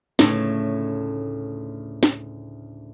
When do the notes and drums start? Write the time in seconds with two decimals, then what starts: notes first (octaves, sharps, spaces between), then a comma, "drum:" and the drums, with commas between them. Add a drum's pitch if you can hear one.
0.19 D2 A2 C#3 A3 D#4, drum: snare
2.03 drum: snare